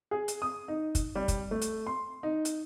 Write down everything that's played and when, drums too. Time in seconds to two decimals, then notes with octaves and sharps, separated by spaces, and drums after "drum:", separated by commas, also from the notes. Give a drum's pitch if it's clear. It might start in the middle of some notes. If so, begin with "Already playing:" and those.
0.11 G#4
0.28 drum: hi-hat
0.42 D#6
0.68 D#4
0.95 drum: kick, hi-hat
1.15 G3
1.28 drum: kick, hi-hat
1.51 A3
1.62 drum: hi-hat
1.87 C6
2.23 D#4
2.45 drum: hi-hat